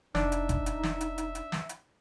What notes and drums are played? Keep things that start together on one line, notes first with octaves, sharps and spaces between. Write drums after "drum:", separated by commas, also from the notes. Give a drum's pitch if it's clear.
F1 D4 D#4 E5, drum: snare
drum: hi-hat
drum: kick G1, hi-hat
drum: hi-hat
drum: snare
drum: hi-hat
drum: hi-hat
drum: hi-hat
drum: snare
drum: hi-hat